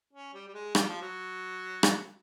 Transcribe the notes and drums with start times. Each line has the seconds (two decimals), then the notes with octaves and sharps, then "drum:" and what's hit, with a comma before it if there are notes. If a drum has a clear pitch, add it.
0.13 C#4
0.34 G3
0.48 G3
0.54 G#3
0.75 G3, drum: rim click
0.89 F3
1.01 F#3
1.83 drum: rim click